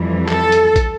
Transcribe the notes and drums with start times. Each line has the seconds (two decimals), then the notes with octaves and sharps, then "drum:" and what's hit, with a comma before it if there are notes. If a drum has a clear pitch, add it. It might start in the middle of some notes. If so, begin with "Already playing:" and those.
Already playing: F2 E3 G3
0.29 A4, drum: clap
0.52 drum: hi-hat
0.76 drum: kick, hi-hat